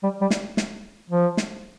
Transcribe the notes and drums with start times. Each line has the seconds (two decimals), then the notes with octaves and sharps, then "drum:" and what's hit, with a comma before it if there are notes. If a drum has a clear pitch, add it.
0.03 G3
0.21 G3
0.30 drum: snare
0.57 drum: snare
1.10 F3
1.37 drum: snare